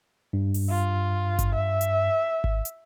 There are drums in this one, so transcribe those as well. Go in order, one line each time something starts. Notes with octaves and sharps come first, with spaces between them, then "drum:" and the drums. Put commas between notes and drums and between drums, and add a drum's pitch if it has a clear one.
G2
drum: open hi-hat
F4
drum: kick G#1, hi-hat
E5
drum: hi-hat
drum: kick G#1
drum: hi-hat